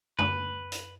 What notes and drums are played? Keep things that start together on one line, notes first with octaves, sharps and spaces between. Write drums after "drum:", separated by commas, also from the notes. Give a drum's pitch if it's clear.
B4, drum: tom F#2
drum: hi-hat